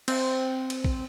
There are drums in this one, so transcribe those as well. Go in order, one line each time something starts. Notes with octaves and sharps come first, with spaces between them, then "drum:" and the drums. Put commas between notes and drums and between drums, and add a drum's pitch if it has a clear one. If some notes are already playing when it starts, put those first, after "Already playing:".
C4, drum: cymbal
drum: cymbal
drum: kick